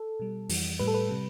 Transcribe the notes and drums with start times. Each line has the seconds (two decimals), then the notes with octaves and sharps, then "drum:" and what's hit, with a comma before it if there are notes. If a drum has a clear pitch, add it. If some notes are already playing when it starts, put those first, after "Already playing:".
Already playing: A4
0.20 B2 G3
0.49 F2 E3 G3, drum: open hi-hat
0.79 A2 G3 B4
0.87 A4
0.94 B4
1.09 C3 G3